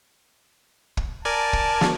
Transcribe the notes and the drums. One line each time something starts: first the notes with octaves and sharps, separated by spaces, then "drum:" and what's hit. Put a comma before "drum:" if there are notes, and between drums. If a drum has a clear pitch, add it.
drum: kick
A#4 D5 G#5 A5
drum: kick
drum: snare